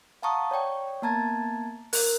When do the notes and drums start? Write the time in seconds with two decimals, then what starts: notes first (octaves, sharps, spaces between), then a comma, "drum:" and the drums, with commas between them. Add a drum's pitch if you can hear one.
0.22 F5 F#5 A5 A#5 C#6 D#6
0.51 C#5 D5 G5 C#6
1.02 A#3 B3 A5 A#5 G#6 A6
1.93 A#4 F#6, drum: open hi-hat